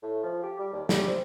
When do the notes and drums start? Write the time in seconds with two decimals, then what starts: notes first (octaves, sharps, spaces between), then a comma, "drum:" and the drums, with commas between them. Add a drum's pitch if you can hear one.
0.03 A2
0.23 F3
0.43 G4
0.59 G3
0.73 D#2
0.89 G3, drum: snare
1.08 C4